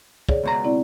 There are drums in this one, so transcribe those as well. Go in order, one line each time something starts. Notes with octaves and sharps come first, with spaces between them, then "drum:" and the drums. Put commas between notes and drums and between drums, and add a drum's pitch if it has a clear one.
G#4 C#5 D5, drum: kick
C#2 B2 A#5
C4 E4 D5